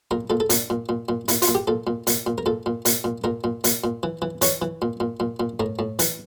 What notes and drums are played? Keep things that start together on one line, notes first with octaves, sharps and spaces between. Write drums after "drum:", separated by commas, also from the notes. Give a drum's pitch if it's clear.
A#2 A#4
A#2 A4
A4
A#2 D4, drum: hi-hat
A#2
A#2
A#2
A#2 E4, drum: hi-hat
F4, drum: hi-hat
A#2
G4
A#2 A4
A#2
A#2, drum: hi-hat
A#2
A#4
A#2 A4
A#2
A#2, drum: hi-hat
A#2
A#2 A#4
A#2
A#2, drum: hi-hat
A#2
E3
E3
E3 C#5, drum: hi-hat
E3
A#2
A#2
A#2
A#2
A2 A#4
A2
E3, drum: hi-hat